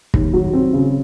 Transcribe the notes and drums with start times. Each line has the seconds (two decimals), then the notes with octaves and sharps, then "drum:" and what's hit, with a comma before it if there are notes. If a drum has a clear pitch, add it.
0.14 D#2, drum: kick
0.33 F#3
0.53 C4
0.73 C#3